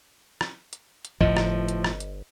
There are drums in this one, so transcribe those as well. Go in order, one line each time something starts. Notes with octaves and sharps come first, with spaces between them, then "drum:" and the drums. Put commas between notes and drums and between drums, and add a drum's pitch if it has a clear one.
drum: rim click
drum: hi-hat
drum: hi-hat
G1 A2 F3 D#5, drum: kick
drum: rim click
drum: hi-hat
drum: rim click
drum: hi-hat